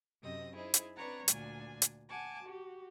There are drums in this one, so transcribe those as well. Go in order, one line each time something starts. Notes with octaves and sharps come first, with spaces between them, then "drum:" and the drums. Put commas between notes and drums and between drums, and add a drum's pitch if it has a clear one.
F#2 C3 C4 D#5 D#6
D#4 E4 G#4 C5
drum: hi-hat
C4 D4 B4 C#5 F#5 A#5
D2 A#2 D4 G#5, drum: hi-hat
drum: hi-hat
F#5 G#5 A5 D6
F#4 G4